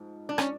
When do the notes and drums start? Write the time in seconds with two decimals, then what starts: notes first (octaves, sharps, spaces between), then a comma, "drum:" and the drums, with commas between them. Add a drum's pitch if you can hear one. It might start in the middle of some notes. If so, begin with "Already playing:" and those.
Already playing: G#2 F3
0.29 D4
0.38 C#4, drum: rim click